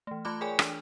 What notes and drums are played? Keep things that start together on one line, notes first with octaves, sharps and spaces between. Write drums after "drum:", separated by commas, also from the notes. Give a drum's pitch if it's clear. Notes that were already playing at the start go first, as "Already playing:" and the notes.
E3 A3
A3 F4 A5 B5 D6 F#6
G#4 A#4 C#5 D5 G5 G#5
E3 D4, drum: rim click